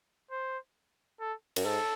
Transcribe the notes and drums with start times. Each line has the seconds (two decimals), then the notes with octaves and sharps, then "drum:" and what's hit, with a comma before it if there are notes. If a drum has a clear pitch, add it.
0.31 C5
1.20 A4
1.56 F#2, drum: cymbal
1.64 G#2 A4